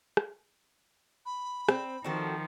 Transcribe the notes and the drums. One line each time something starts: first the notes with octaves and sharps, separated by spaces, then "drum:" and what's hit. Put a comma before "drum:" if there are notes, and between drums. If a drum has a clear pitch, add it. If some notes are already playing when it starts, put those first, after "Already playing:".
drum: rim click
B5
C4, drum: rim click
D#3 F3 C4 F#4 A4